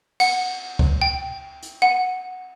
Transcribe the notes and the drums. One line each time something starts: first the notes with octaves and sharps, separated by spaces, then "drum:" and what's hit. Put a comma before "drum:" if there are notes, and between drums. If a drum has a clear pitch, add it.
F#5, drum: cymbal
drum: kick C#2
G5
drum: hi-hat
F#5